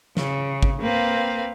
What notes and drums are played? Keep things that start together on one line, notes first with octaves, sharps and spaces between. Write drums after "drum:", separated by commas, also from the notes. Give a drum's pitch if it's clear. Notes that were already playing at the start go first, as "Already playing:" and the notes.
C#3, drum: snare
drum: kick
A#3 C4 B4 F5